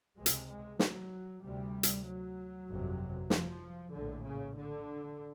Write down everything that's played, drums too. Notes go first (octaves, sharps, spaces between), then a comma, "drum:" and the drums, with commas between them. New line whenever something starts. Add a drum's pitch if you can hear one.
C#2 C3 G#3
drum: hi-hat
G#3
F#3, drum: snare
D2 C3 G3
drum: hi-hat
F#3
G1 F2 C3
F3, drum: snare
A#1 A2 D3
C#3
D3